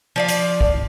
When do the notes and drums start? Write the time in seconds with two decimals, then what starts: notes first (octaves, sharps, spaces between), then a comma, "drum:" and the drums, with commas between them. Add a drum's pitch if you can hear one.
0.16 F3 D5 F5
0.28 drum: hi-hat
0.61 drum: kick B1